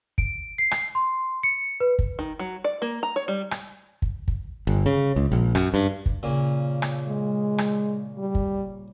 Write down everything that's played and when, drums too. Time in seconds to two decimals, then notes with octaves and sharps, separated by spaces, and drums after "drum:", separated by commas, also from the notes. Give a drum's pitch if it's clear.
0.18 D7, drum: kick
0.58 C7
0.71 drum: rim click
0.95 C6
1.43 C#7
1.80 B4
1.99 drum: kick
2.19 D#3
2.39 F#3
2.64 D5
2.82 A#3
3.03 A#5
3.16 C#5
3.28 G3
3.51 drum: rim click
4.02 drum: kick
4.28 drum: kick
4.67 G1
4.86 C#3
5.16 C#2
5.32 A#1
5.55 F#2, drum: rim click
5.74 G2
6.06 drum: kick
6.23 A#2 C#3
6.82 drum: rim click
7.08 G#3
7.58 drum: rim click
8.18 G3
8.35 drum: kick